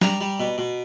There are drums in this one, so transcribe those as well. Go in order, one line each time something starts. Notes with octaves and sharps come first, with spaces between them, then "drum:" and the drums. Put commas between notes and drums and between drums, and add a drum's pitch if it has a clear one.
G3 A#5, drum: snare
G3
B2
B2